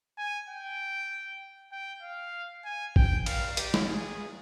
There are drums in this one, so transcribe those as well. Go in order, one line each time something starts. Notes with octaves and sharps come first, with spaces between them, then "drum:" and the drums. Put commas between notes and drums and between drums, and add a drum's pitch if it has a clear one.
G#5
G5
G5
F5
G#5
G5, drum: kick A1
F5, drum: cymbal
G4, drum: hi-hat
drum: snare
G#4